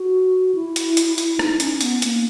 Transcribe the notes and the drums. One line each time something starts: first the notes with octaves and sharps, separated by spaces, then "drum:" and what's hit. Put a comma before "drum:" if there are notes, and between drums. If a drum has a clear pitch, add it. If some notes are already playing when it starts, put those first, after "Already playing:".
Already playing: F#4
E4
drum: hi-hat
drum: hi-hat
drum: hi-hat
D#4, drum: rim click
C#4, drum: hi-hat
B3, drum: hi-hat
A#3, drum: hi-hat